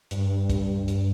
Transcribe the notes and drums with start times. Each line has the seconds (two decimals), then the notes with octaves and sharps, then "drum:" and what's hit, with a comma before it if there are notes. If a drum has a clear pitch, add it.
0.11 G2, drum: hi-hat
0.50 drum: kick C#2, hi-hat
0.88 drum: hi-hat